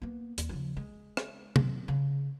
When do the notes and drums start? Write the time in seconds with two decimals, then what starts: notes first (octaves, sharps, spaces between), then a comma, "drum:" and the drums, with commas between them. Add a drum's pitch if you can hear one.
0.02 A#3 B3
0.38 D#2, drum: hi-hat
0.49 C#3 F3
0.77 G#3
1.17 drum: rim click
1.56 F#3 C4, drum: tom
1.88 C#3